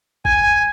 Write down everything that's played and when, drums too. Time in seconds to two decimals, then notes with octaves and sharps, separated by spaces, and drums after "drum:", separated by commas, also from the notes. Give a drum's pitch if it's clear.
0.25 G#5, drum: kick G#1
0.44 G#5